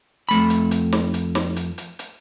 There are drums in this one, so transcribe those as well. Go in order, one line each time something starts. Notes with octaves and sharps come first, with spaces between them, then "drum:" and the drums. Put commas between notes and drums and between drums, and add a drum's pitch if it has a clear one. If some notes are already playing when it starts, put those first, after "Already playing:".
F2 A3 B5
drum: hi-hat
drum: hi-hat
drum: snare
drum: hi-hat
drum: snare
drum: hi-hat
drum: hi-hat
drum: hi-hat